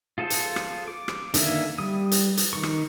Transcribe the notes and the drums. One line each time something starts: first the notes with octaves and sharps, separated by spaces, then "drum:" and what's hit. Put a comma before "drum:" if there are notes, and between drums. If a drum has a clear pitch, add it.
F4 G#4 A4 C5
drum: hi-hat
drum: rim click
D6
drum: rim click
D3 D#3 A#3 E5 G#5, drum: hi-hat
G3 D#6
drum: hi-hat
drum: hi-hat
D#3 C#6
drum: rim click